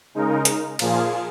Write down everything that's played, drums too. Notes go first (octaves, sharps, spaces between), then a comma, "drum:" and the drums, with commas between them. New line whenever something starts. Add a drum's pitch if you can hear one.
C#3 G#3 D#4 A#4
drum: hi-hat
A#2 F3 A#3 F4 G#4, drum: cymbal